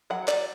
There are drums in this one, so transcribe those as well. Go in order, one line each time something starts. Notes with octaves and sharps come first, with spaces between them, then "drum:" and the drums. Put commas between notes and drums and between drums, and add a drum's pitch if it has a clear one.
F#3 F#5
D5, drum: clap